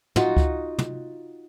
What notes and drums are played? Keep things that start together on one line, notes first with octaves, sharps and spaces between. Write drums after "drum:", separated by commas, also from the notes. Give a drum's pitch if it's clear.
D#4 F4 F#4, drum: tom
drum: kick C#2
drum: tom